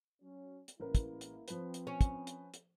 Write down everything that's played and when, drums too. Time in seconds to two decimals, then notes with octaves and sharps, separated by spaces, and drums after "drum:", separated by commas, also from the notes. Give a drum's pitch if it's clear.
0.22 F#3 C#4
0.68 drum: hi-hat
0.80 A1 G#3 A#3 E4 A#4 B4
0.95 drum: kick, hi-hat
1.21 drum: hi-hat
1.48 F3 C4 B4, drum: hi-hat
1.74 drum: hi-hat
1.87 C#4
2.01 drum: kick, hi-hat
2.27 drum: hi-hat
2.54 drum: hi-hat